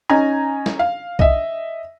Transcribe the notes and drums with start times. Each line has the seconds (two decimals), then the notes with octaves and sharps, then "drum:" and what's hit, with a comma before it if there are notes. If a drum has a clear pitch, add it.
0.10 C#4 D#4 G#5 A#5
0.66 drum: snare
0.79 F5
1.19 D#5 E5, drum: kick C2